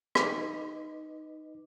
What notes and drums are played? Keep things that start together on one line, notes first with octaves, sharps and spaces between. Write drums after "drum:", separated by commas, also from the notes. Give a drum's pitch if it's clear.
D#4 B4 D#5 D6, drum: rim click